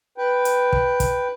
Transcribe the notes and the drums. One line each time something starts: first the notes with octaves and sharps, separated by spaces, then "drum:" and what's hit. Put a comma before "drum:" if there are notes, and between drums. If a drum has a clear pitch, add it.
B4 G5
drum: hi-hat
drum: kick
drum: kick, hi-hat